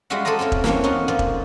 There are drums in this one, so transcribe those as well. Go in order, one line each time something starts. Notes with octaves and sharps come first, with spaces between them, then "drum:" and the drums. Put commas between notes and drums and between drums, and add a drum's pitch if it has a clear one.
G3 G#3 F4 F#4 E5 F#5
A4 C5 D5 D#5 A#5
C4 C#4 E4 F4
drum: kick E1
E3 A3 A#3 C4 C#4, drum: snare
C#4 D#4 F4 F#4
A#2 F3 F4
drum: kick E1